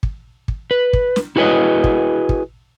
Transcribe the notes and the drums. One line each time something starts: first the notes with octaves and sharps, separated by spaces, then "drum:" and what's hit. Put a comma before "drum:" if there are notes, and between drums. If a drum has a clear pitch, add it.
drum: kick
drum: kick
B4
drum: kick
drum: snare
E4 F#4 G#4 B4 C#5 D#5
drum: kick
drum: kick